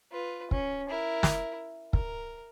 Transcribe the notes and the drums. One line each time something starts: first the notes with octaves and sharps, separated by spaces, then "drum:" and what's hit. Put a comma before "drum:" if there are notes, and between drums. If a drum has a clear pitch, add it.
F4 B4
C#4, drum: kick
E4 A#4
drum: snare
A#4, drum: kick